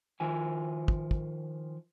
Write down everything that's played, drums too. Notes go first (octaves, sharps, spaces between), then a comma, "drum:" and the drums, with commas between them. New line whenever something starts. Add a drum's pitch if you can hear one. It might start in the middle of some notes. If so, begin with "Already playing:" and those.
D#3 F3 G#5
drum: kick
drum: kick